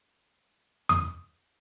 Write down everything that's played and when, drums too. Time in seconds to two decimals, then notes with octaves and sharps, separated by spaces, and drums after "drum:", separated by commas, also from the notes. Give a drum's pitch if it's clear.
0.89 D#6, drum: tom